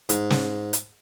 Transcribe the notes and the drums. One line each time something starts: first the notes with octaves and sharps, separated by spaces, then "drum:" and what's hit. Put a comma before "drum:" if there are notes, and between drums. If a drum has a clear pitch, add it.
G#2, drum: hi-hat
drum: snare
drum: hi-hat